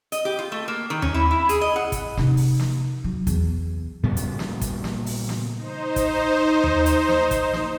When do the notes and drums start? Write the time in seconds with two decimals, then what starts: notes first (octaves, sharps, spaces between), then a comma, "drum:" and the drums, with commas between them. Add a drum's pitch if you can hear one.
0.12 D#5, drum: hi-hat
0.25 G4
0.39 F4
0.52 A3
0.68 A#3
0.90 D#3
1.02 C#4, drum: tom D#2
1.14 E4
1.31 E4
1.49 G#4, drum: hi-hat
1.61 D#5
1.76 F#5
1.92 drum: kick, hi-hat
2.17 C3 D#4, drum: snare
2.37 drum: open hi-hat
2.59 drum: snare
3.04 F#3
3.27 E2, drum: kick, hi-hat
4.04 A#2 C#3 G3 B3
4.17 drum: hi-hat
4.39 drum: snare
4.61 drum: kick, hi-hat
4.84 drum: snare
5.06 drum: open hi-hat
5.29 drum: snare
5.56 D#4 C5
5.96 drum: kick, hi-hat
6.64 drum: tom D#2
6.86 drum: hi-hat
7.08 drum: snare
7.31 drum: kick, hi-hat
7.53 drum: snare